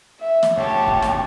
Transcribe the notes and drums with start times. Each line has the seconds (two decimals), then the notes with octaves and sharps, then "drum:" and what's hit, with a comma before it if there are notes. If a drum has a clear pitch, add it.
0.20 E5
0.43 drum: snare
0.58 D2 G4 C#5 A5
0.87 drum: kick
1.02 drum: snare